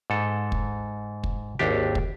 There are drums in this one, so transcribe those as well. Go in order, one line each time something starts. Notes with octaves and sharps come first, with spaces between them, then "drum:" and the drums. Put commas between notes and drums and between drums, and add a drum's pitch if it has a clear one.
G#2 A4
drum: kick
drum: kick
G#1 D#2 D4 G4
drum: kick